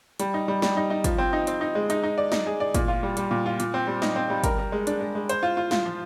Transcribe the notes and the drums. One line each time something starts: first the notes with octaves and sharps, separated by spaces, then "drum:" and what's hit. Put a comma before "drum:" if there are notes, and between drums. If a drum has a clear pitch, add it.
G3, drum: hi-hat
D#4
G3
G3, drum: snare
D#4
D#4
F3, drum: kick, hi-hat
C4
D#4
C4, drum: hi-hat
D#4
G#3
D#4, drum: hi-hat
D#4
D5
D#4, drum: snare
G#4
D5
A#2, drum: kick, hi-hat
F4
G3
G3, drum: hi-hat
A#2
F4
A#2, drum: hi-hat
C4
G3
D#4, drum: snare
C4
G3
A#4, drum: kick, hi-hat
A#4
G#3
D4, drum: hi-hat
G#3
G#3
C5, drum: hi-hat
F4
F4
F4, drum: snare
F3